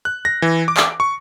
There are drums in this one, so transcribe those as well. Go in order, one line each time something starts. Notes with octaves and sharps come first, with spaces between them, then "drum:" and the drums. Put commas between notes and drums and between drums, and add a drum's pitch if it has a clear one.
F#6
A#6
E3
D6
drum: clap
C#6